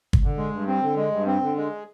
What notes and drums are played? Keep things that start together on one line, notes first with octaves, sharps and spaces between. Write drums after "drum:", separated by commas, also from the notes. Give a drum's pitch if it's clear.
drum: kick G1
D3
G#3
G2
C4
D3
G#3
G2
C4
D3
G#3